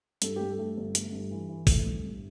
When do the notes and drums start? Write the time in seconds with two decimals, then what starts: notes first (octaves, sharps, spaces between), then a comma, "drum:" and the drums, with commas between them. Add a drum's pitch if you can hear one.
0.22 G2 A4, drum: hi-hat
0.36 G2 G4
0.50 A4
0.59 A3
0.77 G1
0.95 A3, drum: hi-hat
1.12 G2
1.31 E3
1.49 E3
1.67 A3, drum: kick, open hi-hat
1.85 G1
2.04 G2